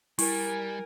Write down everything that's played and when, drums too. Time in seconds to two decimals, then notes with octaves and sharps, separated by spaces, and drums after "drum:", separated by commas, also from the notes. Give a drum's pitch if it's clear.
0.19 G3 E4 A#4 G#5, drum: open hi-hat